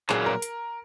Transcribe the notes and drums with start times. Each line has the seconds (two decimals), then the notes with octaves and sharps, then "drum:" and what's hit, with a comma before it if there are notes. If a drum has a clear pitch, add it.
0.10 A#2 F#3 A#3 G#4, drum: clap
0.26 A#4
0.42 drum: hi-hat